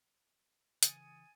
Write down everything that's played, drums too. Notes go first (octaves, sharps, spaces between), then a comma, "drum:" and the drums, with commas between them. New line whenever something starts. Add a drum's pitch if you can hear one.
C#3 E3 G#5 D#6 A6 C#7, drum: hi-hat